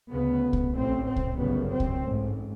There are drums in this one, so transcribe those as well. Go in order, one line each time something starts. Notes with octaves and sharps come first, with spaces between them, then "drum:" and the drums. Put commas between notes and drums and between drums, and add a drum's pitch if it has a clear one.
D2 C#3 B3
drum: kick C2
A1 A2 C4
C4
drum: kick C2
G1 F#2 C#3 B3
C4
drum: kick C2
A1 G#2